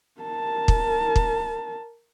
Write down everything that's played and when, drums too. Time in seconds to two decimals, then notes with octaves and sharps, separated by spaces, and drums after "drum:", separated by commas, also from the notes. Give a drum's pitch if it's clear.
0.21 A#4 A5
0.68 drum: kick
1.16 drum: kick